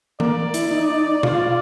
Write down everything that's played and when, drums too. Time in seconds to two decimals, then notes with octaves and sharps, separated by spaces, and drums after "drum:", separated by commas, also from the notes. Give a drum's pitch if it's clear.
0.20 A#3 D5, drum: tom E3
0.54 E4, drum: hi-hat
0.71 D#4
1.23 F4 D5, drum: tom B2